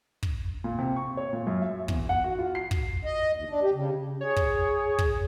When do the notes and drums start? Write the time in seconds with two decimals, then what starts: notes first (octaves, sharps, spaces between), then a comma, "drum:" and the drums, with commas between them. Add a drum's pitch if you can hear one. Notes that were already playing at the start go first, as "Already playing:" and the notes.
0.23 drum: kick
0.64 A#2
0.78 C3
0.96 C#6
1.17 C#5
1.33 A#2
1.47 F#2
1.62 E5
1.88 E2, drum: kick
2.09 F#5
2.24 F#4
2.39 F4
2.55 C7
2.71 drum: kick
3.05 D#5
3.36 D#2
3.49 D4
3.63 G4
3.75 C#3
4.21 G#4 C#5
4.36 drum: kick
4.99 drum: kick